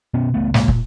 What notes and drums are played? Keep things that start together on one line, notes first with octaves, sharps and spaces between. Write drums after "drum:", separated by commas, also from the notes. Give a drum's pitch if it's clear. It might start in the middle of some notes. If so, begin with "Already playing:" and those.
B2 B3 C#4
C#2 A3 B3
A#2 G#3 A#3, drum: snare
drum: kick